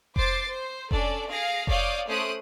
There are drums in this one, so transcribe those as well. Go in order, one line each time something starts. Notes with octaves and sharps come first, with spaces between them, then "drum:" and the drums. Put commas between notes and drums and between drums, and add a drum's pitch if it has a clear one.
C5 D6 A6 C7, drum: kick F1
C5
C#4 D4 A4 D5, drum: kick F1
G#4 F5 A#6 D7
C#5 D5 F5 D6 D#6 G6, drum: kick F1
A3 C#4 C5 D#6 F#6 D7